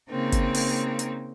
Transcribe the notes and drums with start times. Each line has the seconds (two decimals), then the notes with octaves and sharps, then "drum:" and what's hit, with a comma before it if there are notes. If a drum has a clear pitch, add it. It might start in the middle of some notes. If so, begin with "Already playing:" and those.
0.10 C#3 A#3 C4 D#4
0.32 drum: kick G1, hi-hat
0.55 drum: open hi-hat
0.99 drum: hi-hat